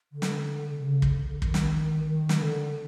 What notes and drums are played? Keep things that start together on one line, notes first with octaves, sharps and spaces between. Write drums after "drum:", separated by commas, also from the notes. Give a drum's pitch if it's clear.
D3
drum: snare
C#3
C#3, drum: kick
D3
D3
D#3, drum: kick
drum: snare
D#3
drum: snare
D3